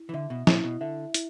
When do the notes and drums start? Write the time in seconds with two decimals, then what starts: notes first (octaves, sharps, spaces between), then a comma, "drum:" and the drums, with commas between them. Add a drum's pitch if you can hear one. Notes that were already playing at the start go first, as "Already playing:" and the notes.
Already playing: E4
0.09 E3
0.14 D3 E5
0.30 B2
0.47 A#2 E4, drum: snare
0.64 B2
0.81 D3 E5
1.14 E4, drum: hi-hat